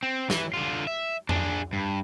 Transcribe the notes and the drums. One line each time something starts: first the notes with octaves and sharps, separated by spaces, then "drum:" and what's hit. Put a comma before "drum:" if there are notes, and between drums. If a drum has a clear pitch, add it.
C4
E3, drum: snare
D3 F4
E5
D4 G#4, drum: tom F2
G2